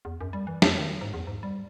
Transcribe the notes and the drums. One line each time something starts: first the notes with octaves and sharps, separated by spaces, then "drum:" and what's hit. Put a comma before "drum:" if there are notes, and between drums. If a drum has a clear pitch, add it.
E2
F#2
G3
E3
F2, drum: snare
D#3
G#2
E2
G#2
G3